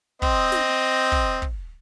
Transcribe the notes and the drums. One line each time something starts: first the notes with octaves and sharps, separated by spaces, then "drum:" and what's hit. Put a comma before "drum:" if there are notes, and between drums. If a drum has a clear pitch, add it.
C4 D#5, drum: kick
drum: snare
drum: kick
drum: kick